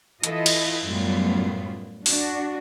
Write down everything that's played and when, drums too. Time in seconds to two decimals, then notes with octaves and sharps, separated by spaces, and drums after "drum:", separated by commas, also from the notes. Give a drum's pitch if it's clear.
0.24 E3 E4 F4 A4 D#5, drum: hi-hat
0.46 drum: cymbal
0.86 F#2 A2 G3 A3 B3 F4
2.06 D4 F#4, drum: open hi-hat